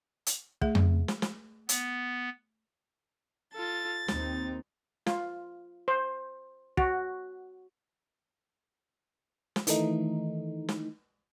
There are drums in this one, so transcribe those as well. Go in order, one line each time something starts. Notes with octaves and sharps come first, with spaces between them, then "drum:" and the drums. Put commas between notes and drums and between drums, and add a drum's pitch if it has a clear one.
drum: hi-hat
A3 G#4 E5, drum: kick
drum: tom F2
drum: snare
drum: snare
B3, drum: hi-hat
F4 A4 A6
D#2 C4 D#4, drum: snare
F4, drum: snare
C5
F#4, drum: kick
drum: snare
D#3 E3 A3 D#4, drum: hi-hat
drum: snare